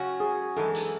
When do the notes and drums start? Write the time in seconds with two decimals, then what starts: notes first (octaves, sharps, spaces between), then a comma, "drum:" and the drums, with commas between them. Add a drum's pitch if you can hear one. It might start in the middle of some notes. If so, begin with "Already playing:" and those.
Already playing: C#3 F#3 C#4 F#4
0.20 G#4
0.56 F#2 E3 G#3 A4
0.75 drum: hi-hat